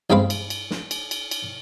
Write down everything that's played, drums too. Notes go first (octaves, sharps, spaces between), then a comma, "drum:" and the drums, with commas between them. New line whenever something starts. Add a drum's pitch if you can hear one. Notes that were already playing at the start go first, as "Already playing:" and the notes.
B1 G2 G#3 C4 F5 B5
drum: cymbal
drum: cymbal
drum: snare
drum: cymbal
drum: cymbal
drum: cymbal